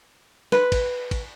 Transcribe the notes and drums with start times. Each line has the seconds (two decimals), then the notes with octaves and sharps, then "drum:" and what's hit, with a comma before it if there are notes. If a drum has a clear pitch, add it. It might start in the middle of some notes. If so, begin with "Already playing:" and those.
0.52 B4, drum: snare
0.72 drum: kick, cymbal
1.11 drum: kick, cymbal